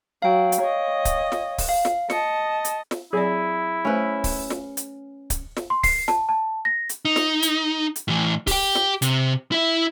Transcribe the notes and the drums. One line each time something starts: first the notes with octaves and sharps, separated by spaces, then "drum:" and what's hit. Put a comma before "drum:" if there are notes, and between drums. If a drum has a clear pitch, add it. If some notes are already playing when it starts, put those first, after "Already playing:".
F#3 F5 G5
drum: hi-hat
C#5 D#5
drum: kick C#1, hi-hat
drum: snare
drum: kick C#1, open hi-hat
F5
drum: snare
D#5 A5 C#7, drum: snare
drum: hi-hat
drum: snare
F#3 C4 E4 G#4 D5
A3 C#4 B4 C5
drum: kick C#1, open hi-hat
drum: snare
drum: hi-hat
drum: kick C#1, hi-hat
drum: snare
C6
C7, drum: kick C#1, open hi-hat
A5, drum: snare
A5
A#6
drum: hi-hat
D#4
drum: snare
drum: hi-hat
drum: hi-hat
A2 E3
G4 G5, drum: kick C#1, open hi-hat
drum: snare
C3, drum: hi-hat
E4 E5